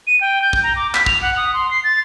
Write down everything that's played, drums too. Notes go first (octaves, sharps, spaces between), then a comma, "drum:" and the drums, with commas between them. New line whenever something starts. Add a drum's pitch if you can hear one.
D#7
G5
G6
drum: kick
A#5
D6
B6, drum: clap
F7, drum: kick
F#5
D#6
C6
C7
A6